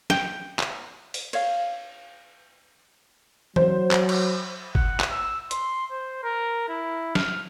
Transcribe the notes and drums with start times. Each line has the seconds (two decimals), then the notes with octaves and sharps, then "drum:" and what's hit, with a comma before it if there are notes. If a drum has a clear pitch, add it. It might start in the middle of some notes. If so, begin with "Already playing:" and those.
0.10 G5, drum: snare
0.59 drum: clap
1.14 drum: open hi-hat
1.33 C#5 F5, drum: cymbal
3.56 F#3 C5, drum: tom E3
3.91 drum: clap
4.09 drum: cymbal
4.75 F#5, drum: kick G1
5.00 drum: clap
5.11 E6
5.51 C6, drum: hi-hat
5.91 C5
6.24 A#4
6.69 E4
7.15 F6, drum: snare